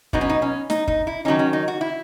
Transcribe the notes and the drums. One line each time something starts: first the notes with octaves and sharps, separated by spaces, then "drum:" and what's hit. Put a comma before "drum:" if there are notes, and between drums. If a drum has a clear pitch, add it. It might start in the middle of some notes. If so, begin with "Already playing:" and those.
B2 F#3 B3 D#4, drum: kick
C#4
D#4
C#4
D#4, drum: snare
D#4, drum: kick
E4
D#3 F#3 C#4 D#4
C#4
D#4
F#4
E4